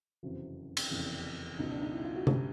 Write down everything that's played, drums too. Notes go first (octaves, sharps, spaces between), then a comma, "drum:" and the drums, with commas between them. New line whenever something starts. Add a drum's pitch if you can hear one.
F#1 F2 C3 E3 F#4
drum: cymbal
F1 E2 C#3 E4
C#2 B2 F#3 D#4
D4
D#4
E4
F4
F#4
G1 C#3 G4, drum: tom C3